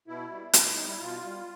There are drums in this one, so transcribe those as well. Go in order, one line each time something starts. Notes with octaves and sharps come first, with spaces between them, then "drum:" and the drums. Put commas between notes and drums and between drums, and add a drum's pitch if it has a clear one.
B2 E4
G3
B2, drum: hi-hat
G3 D#4
E4
B2 F4
G3